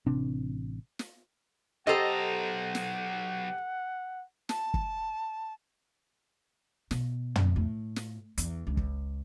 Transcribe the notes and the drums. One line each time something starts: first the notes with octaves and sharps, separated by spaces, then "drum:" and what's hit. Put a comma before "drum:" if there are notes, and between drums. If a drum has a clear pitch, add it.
A1 C3 C4 D4
drum: snare
B1 G4 A4 C5 D#5 F#5 A#5
drum: snare
A5, drum: snare
drum: kick
B2, drum: snare
drum: tom
A2
drum: snare
E2, drum: hi-hat
C#2
drum: kick